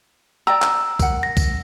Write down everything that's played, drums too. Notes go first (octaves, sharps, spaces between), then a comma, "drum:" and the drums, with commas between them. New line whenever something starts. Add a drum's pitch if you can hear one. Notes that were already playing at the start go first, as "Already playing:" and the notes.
D5 G5 A#5 E6
drum: clap
A#4 F#5, drum: kick B1, tambourine
A#6
drum: kick B1, tambourine